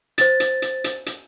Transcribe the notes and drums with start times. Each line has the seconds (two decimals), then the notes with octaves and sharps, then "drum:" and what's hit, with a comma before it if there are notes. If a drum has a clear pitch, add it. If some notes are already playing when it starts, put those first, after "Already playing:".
0.18 C5 A6, drum: hi-hat
0.40 drum: hi-hat
0.62 drum: hi-hat
0.84 drum: hi-hat
1.06 drum: hi-hat